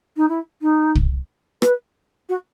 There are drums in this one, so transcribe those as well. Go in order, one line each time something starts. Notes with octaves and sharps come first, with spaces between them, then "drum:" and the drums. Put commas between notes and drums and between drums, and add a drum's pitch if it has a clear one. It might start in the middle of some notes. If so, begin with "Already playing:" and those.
D#4
E4
D#4
drum: kick
B4, drum: rim click
F#4